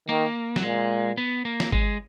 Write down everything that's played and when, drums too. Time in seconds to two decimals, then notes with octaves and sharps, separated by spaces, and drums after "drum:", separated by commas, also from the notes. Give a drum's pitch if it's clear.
0.09 D#3 A#3
0.56 F#3, drum: snare
0.63 A#2 G#3
1.17 B3
1.45 A#3
1.60 drum: snare
1.72 G#3, drum: kick G#1